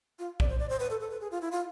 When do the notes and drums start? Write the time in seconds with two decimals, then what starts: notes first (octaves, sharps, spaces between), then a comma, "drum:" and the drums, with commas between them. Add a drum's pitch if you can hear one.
0.19 F4
0.40 D5, drum: kick B1
0.49 C5
0.59 D5
0.69 C5
0.80 B4
0.90 A4
1.00 A4
1.10 B4
1.21 G#4
1.31 F4
1.41 E4
1.51 F4